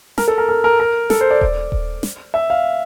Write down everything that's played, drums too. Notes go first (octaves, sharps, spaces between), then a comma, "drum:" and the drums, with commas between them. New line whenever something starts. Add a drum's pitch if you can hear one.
A#4, drum: snare
A4
A#4
A#4
A#4
A#4
A4, drum: snare
C5
D5
D5, drum: kick D#1
drum: kick D#1
drum: snare
E5
F5